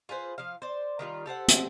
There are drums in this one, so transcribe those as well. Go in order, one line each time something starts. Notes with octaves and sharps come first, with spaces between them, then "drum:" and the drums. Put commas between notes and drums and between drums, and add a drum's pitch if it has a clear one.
F4 G#4 B4 C5
F3 F5
C5 D5
D#3 G3 F4
G4 A4 C5 F#5
drum: hi-hat